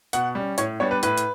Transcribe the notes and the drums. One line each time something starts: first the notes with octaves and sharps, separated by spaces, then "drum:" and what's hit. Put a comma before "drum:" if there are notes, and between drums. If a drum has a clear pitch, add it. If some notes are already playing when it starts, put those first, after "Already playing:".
B2 F#5, drum: hi-hat
G3 C#4
A2 C#5, drum: hi-hat
G3 B3 D4 C#5
B4
A2 B4, drum: hi-hat
drum: hi-hat